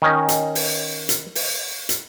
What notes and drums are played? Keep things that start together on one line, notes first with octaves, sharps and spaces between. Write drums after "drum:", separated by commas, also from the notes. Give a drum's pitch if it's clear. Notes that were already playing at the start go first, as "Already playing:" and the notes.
D#3 C#4 D#5
drum: hi-hat
drum: open hi-hat
drum: hi-hat
drum: open hi-hat
drum: hi-hat